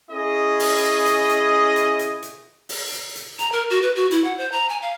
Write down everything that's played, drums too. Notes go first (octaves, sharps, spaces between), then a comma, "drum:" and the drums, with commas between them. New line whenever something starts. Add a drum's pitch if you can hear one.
C#4 E4 G#4 D#5
drum: open hi-hat
drum: hi-hat
drum: hi-hat
drum: hi-hat
drum: hi-hat
drum: hi-hat
drum: open hi-hat
drum: hi-hat
drum: hi-hat
A#5, drum: hi-hat
A#4
F#4
B4
F#4
E4, drum: hi-hat
F#5
C5
A#5
G#5
F5